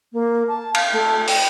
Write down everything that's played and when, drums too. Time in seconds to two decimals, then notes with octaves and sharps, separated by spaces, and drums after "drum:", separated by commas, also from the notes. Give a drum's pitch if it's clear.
0.13 A#3
0.48 A5
0.74 F5, drum: cymbal
0.92 A3
1.27 G5, drum: open hi-hat